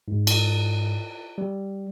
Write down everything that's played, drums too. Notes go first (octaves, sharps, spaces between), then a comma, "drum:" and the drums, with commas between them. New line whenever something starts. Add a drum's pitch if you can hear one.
G#2
drum: cymbal
G3